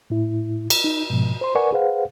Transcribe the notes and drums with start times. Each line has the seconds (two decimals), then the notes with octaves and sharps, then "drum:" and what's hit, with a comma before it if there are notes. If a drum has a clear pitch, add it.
0.10 A2 E4
0.70 drum: cymbal
0.84 D#4
1.10 G#2 B2 F3
1.41 C5 C6
1.55 A#4 B4 D5 F#5 G#5 C#6
1.73 G#4 B4 C5 F5 F#5